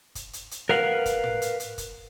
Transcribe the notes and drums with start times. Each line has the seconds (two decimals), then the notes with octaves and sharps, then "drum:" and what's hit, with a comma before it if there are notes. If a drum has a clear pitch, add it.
0.15 drum: kick, hi-hat
0.33 drum: hi-hat
0.51 drum: hi-hat
0.69 A#4 B4 F5 F#5, drum: snare
1.06 drum: kick, hi-hat
1.24 drum: tom
1.42 drum: hi-hat
1.60 drum: hi-hat
1.78 drum: kick, hi-hat